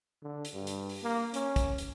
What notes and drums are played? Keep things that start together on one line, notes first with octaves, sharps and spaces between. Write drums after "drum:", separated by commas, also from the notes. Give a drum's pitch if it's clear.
D3
drum: hi-hat
G2
drum: hi-hat
drum: open hi-hat
A#3
C#4, drum: hi-hat
drum: kick, hi-hat
drum: hi-hat